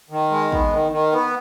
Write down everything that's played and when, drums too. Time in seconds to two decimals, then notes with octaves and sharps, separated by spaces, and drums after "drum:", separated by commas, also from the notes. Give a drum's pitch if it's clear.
0.10 D#3
0.31 G#3
0.52 B3, drum: kick
0.72 D#3
0.92 D#3
1.12 B3